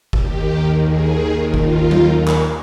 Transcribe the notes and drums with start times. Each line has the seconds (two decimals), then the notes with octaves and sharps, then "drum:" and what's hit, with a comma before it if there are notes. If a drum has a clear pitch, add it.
0.13 D#2 D#3 G4, drum: kick F#1
0.84 G#4
1.54 F4, drum: kick F#1
1.91 drum: tom F#3
2.28 drum: clap